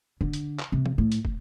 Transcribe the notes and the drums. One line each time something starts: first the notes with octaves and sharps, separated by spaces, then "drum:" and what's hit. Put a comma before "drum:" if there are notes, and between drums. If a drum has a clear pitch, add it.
D3, drum: kick
drum: hi-hat
drum: clap
C3
drum: tom
A2
drum: hi-hat
drum: kick